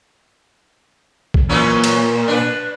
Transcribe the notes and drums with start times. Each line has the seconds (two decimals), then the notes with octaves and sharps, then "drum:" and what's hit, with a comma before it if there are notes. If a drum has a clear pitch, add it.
1.34 drum: kick
1.49 A#2 E3 F#3 C#4
1.84 drum: cymbal
2.28 D4 B4